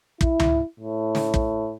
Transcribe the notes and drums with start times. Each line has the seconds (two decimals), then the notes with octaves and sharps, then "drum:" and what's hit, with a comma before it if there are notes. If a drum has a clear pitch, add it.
0.21 E4, drum: kick
0.39 drum: tom C#2
0.80 A2
1.15 drum: snare
1.34 drum: kick